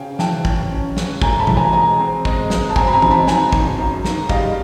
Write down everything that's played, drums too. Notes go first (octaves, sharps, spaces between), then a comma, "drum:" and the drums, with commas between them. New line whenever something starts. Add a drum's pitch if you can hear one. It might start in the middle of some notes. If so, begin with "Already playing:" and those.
Already playing: C#3 C#4 F5 G5 G#5
E3 G5 A5, drum: snare
C#4, drum: kick
C#4
C#4, drum: snare
A3 G#5 A#5, drum: kick
A5 B5
E3, drum: tom B2
G#5 A#5
G#3 G#5 A#5
C4
G#3, drum: kick
G#3, drum: snare
A5
C4 G#5 A#5, drum: kick
B5
G#5 A#5
D#4, drum: tom
A5 B5
D#3 G#5 A#5, drum: snare
D#3, drum: kick
F#2
D#3, drum: snare
G3 D#5 F5, drum: kick